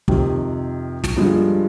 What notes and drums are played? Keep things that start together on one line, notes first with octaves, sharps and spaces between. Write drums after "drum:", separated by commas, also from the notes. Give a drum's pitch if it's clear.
F2 C3 D#3, drum: kick
drum: snare
G2 D3 F3 G#3